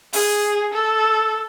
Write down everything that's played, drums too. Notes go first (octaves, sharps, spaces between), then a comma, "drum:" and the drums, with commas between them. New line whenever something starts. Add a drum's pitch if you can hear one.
G#4, drum: open hi-hat
A4